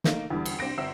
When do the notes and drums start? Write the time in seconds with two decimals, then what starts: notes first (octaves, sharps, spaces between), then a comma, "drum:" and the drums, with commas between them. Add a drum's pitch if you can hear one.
0.04 A3 A#3 D#4, drum: snare
0.30 E2 D3 E3 G3
0.46 drum: cymbal
0.59 C2 C4 D4 A#6 D7
0.78 G1 C4 E5 E6 C7 E7